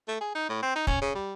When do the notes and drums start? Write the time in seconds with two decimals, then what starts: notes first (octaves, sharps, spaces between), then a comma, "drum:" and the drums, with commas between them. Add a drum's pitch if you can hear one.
0.08 A3
0.21 G#4
0.35 D#4
0.49 A2
0.62 C4
0.76 D#4
0.87 C#4, drum: kick
1.01 C#3
1.15 G3